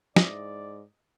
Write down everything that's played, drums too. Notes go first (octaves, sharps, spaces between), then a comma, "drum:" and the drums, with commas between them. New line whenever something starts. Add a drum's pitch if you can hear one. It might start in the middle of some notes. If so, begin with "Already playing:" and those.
G#2 E3 D5 D#5, drum: snare